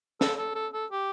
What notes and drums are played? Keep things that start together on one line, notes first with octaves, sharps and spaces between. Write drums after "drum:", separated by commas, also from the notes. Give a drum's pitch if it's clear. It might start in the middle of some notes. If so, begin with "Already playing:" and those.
A4, drum: snare
A4
A4
A4
G4